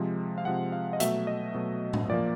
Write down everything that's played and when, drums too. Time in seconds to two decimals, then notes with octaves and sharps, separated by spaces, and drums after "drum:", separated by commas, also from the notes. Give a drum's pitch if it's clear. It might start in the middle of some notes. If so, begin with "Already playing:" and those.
Already playing: C3 F3 G#3
0.38 F5
0.45 C3 F3 G#3 F#5
0.72 F5
0.93 D#5
1.00 B2 F#3 A3 E5, drum: hi-hat
1.27 D#5
1.54 B2 F#3 A3
1.93 drum: tom A2
2.09 A#2 F3 A#3 D5